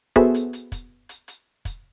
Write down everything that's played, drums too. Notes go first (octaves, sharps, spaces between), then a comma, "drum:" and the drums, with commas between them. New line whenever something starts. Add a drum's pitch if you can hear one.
B3 F#4 G#4 A4 C5 E5, drum: kick
drum: hi-hat
drum: hi-hat
drum: kick, hi-hat
drum: hi-hat
drum: hi-hat
drum: kick, hi-hat